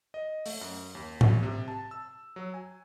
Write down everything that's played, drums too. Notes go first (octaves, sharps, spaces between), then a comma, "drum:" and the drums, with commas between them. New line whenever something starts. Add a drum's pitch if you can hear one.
D#5
A3, drum: open hi-hat
F#2
D#2
G#1, drum: tom G#2
C3
A5
E6
F#3
G#5